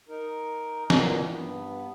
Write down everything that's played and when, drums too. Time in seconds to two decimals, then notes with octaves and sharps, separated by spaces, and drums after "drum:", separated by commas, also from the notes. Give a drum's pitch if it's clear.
0.09 D#4 A#4
0.90 A#2 D#3 E3 F#3, drum: snare
1.28 G2 B3